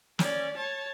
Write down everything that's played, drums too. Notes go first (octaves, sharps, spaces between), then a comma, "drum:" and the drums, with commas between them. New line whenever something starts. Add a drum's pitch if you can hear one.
C#4 D5, drum: snare
C#5 A5